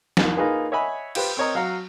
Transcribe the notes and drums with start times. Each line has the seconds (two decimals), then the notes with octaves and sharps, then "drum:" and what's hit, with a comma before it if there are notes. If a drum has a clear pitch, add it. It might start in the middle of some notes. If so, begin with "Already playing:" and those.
0.17 C2 F2 D#3, drum: snare
0.37 A#3 D#4 F4 G#4 B4
0.72 C#5 D#5 E5 F#5 G#5 B5
1.15 F4 G4 B4 C5, drum: cymbal
1.37 C4 A#4 C#5 D#5 A#5
1.55 F#3 F5 F#5 A#5